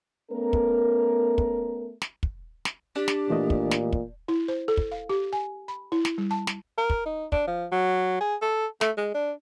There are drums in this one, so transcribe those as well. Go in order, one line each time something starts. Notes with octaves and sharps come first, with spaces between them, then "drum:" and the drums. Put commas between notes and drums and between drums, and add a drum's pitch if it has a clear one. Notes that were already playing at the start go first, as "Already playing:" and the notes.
A3 B3 C#4 A#4
drum: kick
drum: kick
drum: snare
drum: kick
drum: snare
D4 G4
drum: snare
A#2 E3 A3 D#5
drum: kick
drum: snare
drum: kick
E4
C5
A4
drum: kick
F5
G4
G#5
B5
E4
drum: snare
G3
A5
drum: snare
A#4
drum: kick
D#4
D4, drum: kick
F3
F#3
G#4
A4
A3, drum: snare
G#3
D4